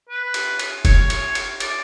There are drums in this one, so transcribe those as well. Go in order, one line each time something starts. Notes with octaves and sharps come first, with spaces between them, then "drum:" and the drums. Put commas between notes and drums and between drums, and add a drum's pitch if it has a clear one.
B4
drum: cymbal
drum: cymbal
C#5, drum: kick F1, cymbal
drum: cymbal
drum: cymbal
D5, drum: cymbal